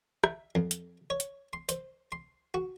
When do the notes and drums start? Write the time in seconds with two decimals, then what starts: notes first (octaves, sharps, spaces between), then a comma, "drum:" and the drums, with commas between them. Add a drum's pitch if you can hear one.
0.24 E5, drum: rim click
0.55 F2
0.71 drum: hi-hat
1.10 C#5
1.20 drum: hi-hat
1.53 C6
1.69 C5, drum: hi-hat
2.12 C6
2.54 F#4